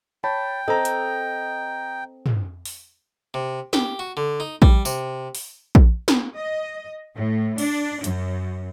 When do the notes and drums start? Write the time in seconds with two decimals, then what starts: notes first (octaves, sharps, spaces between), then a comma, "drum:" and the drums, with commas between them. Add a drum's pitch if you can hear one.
0.24 C#5 G5 A5 B5
0.68 C4 A4 D#5 A#5
0.85 drum: hi-hat
2.26 drum: tom
2.65 drum: open hi-hat
3.34 C3
3.73 G4, drum: snare
3.99 F#4
4.17 D3
4.40 D#4
4.62 G3, drum: kick A#1
4.85 C3, drum: tambourine
5.35 drum: open hi-hat
5.75 drum: kick A#1
6.08 drum: snare
6.35 D#5
7.15 A2
7.58 D4, drum: cymbal
8.04 F#2, drum: hi-hat